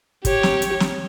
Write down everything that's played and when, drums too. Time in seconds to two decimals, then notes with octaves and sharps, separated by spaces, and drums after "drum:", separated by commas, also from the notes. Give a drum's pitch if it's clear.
0.25 G4 C#5, drum: kick, hi-hat
0.43 drum: snare
0.62 drum: hi-hat
0.80 drum: snare